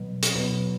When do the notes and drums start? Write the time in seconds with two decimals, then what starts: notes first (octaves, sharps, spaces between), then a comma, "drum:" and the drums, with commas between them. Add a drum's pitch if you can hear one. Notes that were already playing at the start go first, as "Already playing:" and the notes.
Already playing: B2 F#3 B3
0.23 drum: hi-hat
0.34 B2 F#3 B3